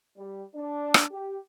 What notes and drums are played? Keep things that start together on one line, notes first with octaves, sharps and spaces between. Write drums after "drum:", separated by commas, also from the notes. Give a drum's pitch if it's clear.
G3
D4
drum: rim click
G4